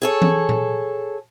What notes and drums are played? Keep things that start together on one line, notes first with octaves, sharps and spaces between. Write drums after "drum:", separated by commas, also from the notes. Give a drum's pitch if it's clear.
G#4 A4 C#5
drum: tom E3
drum: tom A#2